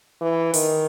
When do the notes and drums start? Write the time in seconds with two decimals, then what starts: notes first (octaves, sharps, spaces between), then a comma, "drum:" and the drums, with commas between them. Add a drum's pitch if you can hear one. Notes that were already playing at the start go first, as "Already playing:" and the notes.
0.21 E3
0.54 D#3, drum: open hi-hat